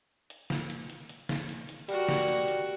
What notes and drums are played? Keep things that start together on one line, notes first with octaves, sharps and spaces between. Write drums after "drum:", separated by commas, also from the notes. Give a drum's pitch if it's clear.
drum: hi-hat
drum: snare
drum: hi-hat
drum: hi-hat
drum: hi-hat
drum: snare
drum: hi-hat
drum: hi-hat
G3 F#4 A#4, drum: hi-hat
drum: snare
drum: hi-hat
drum: hi-hat